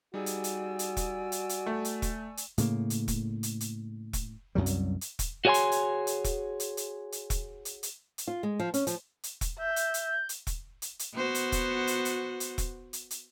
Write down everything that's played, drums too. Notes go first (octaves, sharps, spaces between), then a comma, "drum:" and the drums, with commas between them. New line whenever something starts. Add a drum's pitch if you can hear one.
G3 D#4 F#4 G#4 D5 G#5 E6
drum: hi-hat
drum: hi-hat
drum: hi-hat
drum: kick E1, hi-hat
drum: hi-hat
drum: hi-hat
A3
drum: hi-hat
drum: kick E1, hi-hat
drum: hi-hat
A2 C#3 A#3, drum: hi-hat
drum: hi-hat
drum: kick E1, hi-hat
drum: hi-hat
drum: hi-hat
drum: kick E1, hi-hat
C2 F#2 F#3 G3
drum: hi-hat
drum: hi-hat
drum: kick E1, hi-hat
F#4 G#4 C#5 F#5 G#5 C6
drum: hi-hat
drum: hi-hat
drum: hi-hat
drum: kick E1, hi-hat
drum: hi-hat
drum: hi-hat
drum: hi-hat
drum: kick E1, hi-hat
drum: hi-hat
drum: hi-hat
drum: hi-hat
F4
G#3
F3
C#4, drum: hi-hat
F3, drum: hi-hat
drum: hi-hat
drum: kick E1, hi-hat
E5 G6
drum: hi-hat
drum: hi-hat
drum: hi-hat
drum: kick E1, hi-hat
drum: hi-hat
drum: hi-hat
B3 F#4 C5
drum: hi-hat
drum: kick E1, hi-hat
drum: hi-hat
drum: hi-hat
drum: hi-hat
drum: kick E1, hi-hat
drum: hi-hat
drum: hi-hat